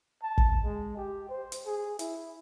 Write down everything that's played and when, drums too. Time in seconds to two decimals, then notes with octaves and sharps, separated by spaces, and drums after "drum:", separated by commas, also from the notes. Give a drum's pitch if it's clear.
0.23 A5
0.38 drum: kick
0.64 G#3
0.97 G4
1.29 C5
1.52 drum: hi-hat
1.66 G#4
1.99 E4, drum: hi-hat